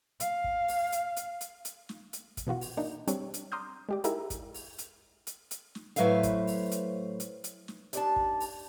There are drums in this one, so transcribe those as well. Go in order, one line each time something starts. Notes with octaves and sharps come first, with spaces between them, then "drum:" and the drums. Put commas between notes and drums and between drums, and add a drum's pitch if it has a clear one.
F5, drum: hi-hat
drum: kick
drum: open hi-hat
drum: hi-hat
drum: hi-hat
drum: hi-hat
drum: hi-hat
drum: snare
drum: hi-hat
drum: kick, hi-hat
B2 E3 F4 F#4
drum: open hi-hat
A#3 D4 D#4
G3 C4 D4 C#5, drum: hi-hat
drum: hi-hat
A#5 C6 D6 D#6 F6 G6
G#3 G4 D5
D#4 E4 G4 G#4 A#4 E5, drum: hi-hat
drum: kick, hi-hat
drum: open hi-hat
drum: hi-hat
drum: hi-hat
drum: hi-hat
drum: snare
A2 F#3 B4 C5 E5 F5, drum: hi-hat
drum: kick, hi-hat
drum: open hi-hat
drum: hi-hat
drum: hi-hat
drum: hi-hat
drum: snare
D#2 D4 A5, drum: hi-hat
drum: kick
drum: open hi-hat